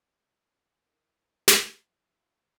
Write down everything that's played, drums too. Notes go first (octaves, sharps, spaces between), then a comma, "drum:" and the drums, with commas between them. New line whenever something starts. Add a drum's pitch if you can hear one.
F2 D#4 E4 A#4
drum: snare
F3 F#3 E4
F4 F#4 C5